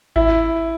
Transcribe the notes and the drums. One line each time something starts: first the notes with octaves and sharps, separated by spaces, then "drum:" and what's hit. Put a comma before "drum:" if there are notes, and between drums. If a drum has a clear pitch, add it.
E4, drum: kick G#1